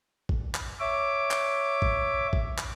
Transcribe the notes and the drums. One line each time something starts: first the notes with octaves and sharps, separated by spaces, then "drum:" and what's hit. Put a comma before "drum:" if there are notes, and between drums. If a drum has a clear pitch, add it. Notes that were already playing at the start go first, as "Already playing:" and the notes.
drum: kick G#1
drum: clap
C#5 E5 D6
drum: clap
drum: kick G#1
drum: kick G#1
drum: clap